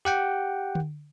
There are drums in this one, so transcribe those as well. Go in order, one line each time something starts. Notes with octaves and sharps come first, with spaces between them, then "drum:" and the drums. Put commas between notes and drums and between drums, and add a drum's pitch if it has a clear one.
G4 F#5 G5
drum: tom D3